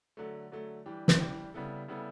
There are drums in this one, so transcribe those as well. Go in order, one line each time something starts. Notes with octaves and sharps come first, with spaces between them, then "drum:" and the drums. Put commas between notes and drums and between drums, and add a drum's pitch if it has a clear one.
D3 F#3 A3
D3 F#3 A3
E3 G3 D4 G4
drum: snare
E3 G3 D4 G4
C#3 G3 B3 E4 A4
C#3 G3 B3 E4 A4